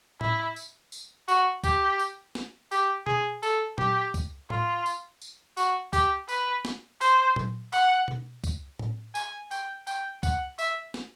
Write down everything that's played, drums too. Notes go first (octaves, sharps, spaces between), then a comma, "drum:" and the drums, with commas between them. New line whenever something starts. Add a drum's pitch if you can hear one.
E4, drum: tom A2
drum: tambourine
drum: tambourine
F#4, drum: tambourine
G4, drum: kick C2, tambourine
drum: tambourine
drum: snare
G4, drum: tambourine
G#4, drum: tom B2
A4, drum: tambourine
G4, drum: tom A#2
drum: kick C2, tambourine
F4, drum: tom A2
drum: tambourine
drum: tambourine
F#4, drum: tambourine
G4, drum: kick C2, tambourine
B4, drum: tambourine
drum: snare
C5, drum: tambourine
drum: tom A#2
F#5, drum: tambourine
drum: tom B2
drum: kick C2, tambourine
drum: tom A2
G#5, drum: tambourine
G5, drum: tambourine
G5, drum: tambourine
F#5, drum: kick C2, tambourine
E5, drum: tambourine
drum: snare